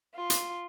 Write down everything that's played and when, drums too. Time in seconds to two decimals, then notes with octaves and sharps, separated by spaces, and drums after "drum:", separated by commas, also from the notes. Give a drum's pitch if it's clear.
0.15 F4
0.30 drum: hi-hat